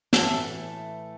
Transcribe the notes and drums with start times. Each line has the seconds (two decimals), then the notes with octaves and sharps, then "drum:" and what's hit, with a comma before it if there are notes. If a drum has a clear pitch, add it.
0.13 A2 E3 A3 A4, drum: snare